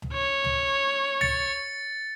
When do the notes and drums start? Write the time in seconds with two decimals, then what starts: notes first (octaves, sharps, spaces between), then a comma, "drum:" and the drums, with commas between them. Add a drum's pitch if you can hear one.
0.02 drum: tom C#2
0.14 C#5
0.44 drum: tom C#2
1.21 A6 C#7, drum: tom C#2